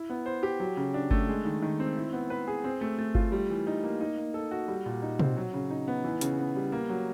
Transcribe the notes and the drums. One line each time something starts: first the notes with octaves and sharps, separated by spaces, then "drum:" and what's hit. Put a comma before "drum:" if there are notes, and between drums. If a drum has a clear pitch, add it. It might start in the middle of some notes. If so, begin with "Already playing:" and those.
Already playing: E4
B3
C5
G4
F#3
C#3
D4
A3, drum: kick G1
G#3
D#3
D#3
C4
E4
B3
B4
G#4
C4
A3
A3
F4, drum: kick G1
G3
E3
D#4
A#3
D#4
A#3
A4
F#4
G3
A#2
D#4
C4, drum: tom
F#3
C#3
D#4
B3
E3
C#3, drum: hi-hat
B3
G3
A#3
F#3